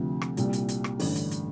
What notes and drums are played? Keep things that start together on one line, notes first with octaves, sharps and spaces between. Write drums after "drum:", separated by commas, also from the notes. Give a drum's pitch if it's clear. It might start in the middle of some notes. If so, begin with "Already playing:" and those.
Already playing: D2 C3 F3
drum: rim click
C2 A#2 G3, drum: hi-hat
drum: hi-hat
drum: hi-hat
drum: rim click
A1 G2 D3, drum: open hi-hat
drum: hi-hat
drum: hi-hat